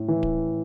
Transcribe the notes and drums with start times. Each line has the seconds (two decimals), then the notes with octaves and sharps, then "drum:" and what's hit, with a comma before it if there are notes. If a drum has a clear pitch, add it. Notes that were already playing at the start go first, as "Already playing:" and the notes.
Already playing: A2
0.08 E3
0.23 drum: kick D1